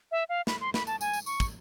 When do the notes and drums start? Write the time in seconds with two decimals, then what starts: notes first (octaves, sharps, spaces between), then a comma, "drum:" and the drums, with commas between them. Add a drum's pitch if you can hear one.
0.12 E5
0.29 F5
0.47 B5, drum: snare
0.61 C6
0.74 B5, drum: snare
0.87 A5, drum: tambourine
1.01 G#5, drum: tambourine
1.13 drum: tambourine
1.26 C#6, drum: tambourine
1.40 drum: kick, tambourine